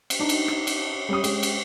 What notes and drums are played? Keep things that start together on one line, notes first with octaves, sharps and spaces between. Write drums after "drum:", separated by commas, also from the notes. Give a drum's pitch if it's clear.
drum: cymbal
D4 D#4
drum: cymbal
drum: rim click
drum: cymbal
G3 C#4 D#6
G#3 C#4 G4, drum: cymbal
drum: cymbal